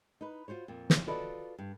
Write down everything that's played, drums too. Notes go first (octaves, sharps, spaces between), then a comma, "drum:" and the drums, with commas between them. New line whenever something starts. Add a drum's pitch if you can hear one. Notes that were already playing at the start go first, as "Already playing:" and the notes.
D#4 B4
F4 F#4 C5 C#5
F2 A#2
drum: snare
F4 F#4 A4 B4 D5 D#5
G2